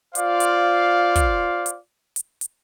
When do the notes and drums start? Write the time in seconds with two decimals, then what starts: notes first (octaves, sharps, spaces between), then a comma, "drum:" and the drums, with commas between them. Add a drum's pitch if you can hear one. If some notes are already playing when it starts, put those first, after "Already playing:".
0.15 F4 C5 D5 F5, drum: hi-hat
0.40 drum: hi-hat
1.15 drum: kick, hi-hat
1.66 drum: hi-hat
2.16 drum: hi-hat
2.41 drum: hi-hat